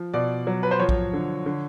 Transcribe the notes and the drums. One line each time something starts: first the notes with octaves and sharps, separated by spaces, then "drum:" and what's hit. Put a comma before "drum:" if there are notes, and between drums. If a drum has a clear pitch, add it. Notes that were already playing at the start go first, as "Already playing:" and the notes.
Already playing: F3
B2 D5
F#3
B4
C5
F3 C#5
drum: kick A#1
D3
D3